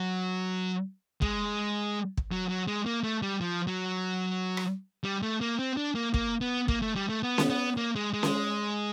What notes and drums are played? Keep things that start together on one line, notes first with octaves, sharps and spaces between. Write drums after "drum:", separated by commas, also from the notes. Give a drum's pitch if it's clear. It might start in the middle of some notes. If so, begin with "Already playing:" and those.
Already playing: F#3
G#3, drum: kick
drum: kick
F#3
F#3
G#3
A#3
A3
G3
F3
F#3
drum: rim click
G3
A3
A#3
C4
D4
A#3
A#3, drum: kick
B3
A#3, drum: kick
A3
G3
A3
B3
drum: snare C#4
B3
A#3
G#3
G#3
drum: snare C#4